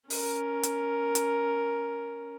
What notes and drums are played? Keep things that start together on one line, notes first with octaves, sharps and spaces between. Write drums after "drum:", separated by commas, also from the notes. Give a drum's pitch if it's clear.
C#4 A#4, drum: open hi-hat
drum: hi-hat
drum: hi-hat